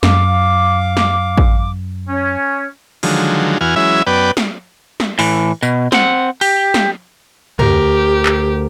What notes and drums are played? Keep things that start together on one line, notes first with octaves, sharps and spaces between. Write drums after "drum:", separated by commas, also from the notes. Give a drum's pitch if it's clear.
F#2 F5 D6, drum: snare
drum: snare
drum: kick
C#4
D3 D#3 F3 F#3 G#3, drum: open hi-hat
E2 E3 F#4 G#5 F6
E3 F#3 G#3 C#4 E4 E5
F#2 B3 B4 D5 G5
drum: snare
drum: snare
A2 E3, drum: open hi-hat
B2, drum: tambourine
C4 F#5, drum: snare
G4, drum: open hi-hat
drum: snare
D2 G4 A#4, drum: tom
drum: clap